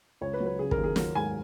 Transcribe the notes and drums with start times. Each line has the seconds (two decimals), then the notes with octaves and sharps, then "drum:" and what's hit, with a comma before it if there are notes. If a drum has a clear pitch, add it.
0.21 C#2 C#5
0.33 B4
0.40 F#3
0.46 B4
0.59 C#3 G#4
0.71 A#4, drum: kick
0.77 D#2
0.84 G#4
0.96 F#3 A#4, drum: snare
1.15 G#2 G#5